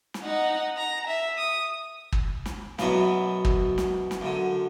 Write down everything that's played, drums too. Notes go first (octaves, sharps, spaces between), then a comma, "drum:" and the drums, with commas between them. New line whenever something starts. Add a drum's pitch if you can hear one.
drum: snare
D#4 F#5
A#5
E5
D#6
drum: kick
drum: snare
F#2 B2 E3 F#3 B3, drum: snare
drum: kick
drum: snare
drum: snare
F#2 D3